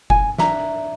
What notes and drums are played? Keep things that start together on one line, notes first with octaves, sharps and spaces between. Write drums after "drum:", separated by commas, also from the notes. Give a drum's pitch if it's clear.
G#5, drum: kick F#1
D4 E5 A#5, drum: snare